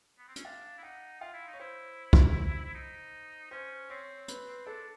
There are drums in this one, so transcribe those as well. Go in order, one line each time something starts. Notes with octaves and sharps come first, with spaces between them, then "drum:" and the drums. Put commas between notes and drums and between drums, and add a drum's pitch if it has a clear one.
B3
C4
C#4, drum: hi-hat
D4 F5
E4
D#4 F#5
F4 F5
E4
D#4
C#5
E4 C5
drum: kick
D#4
C#4 C5
C4 C#5
B4, drum: hi-hat
C4
D4 A4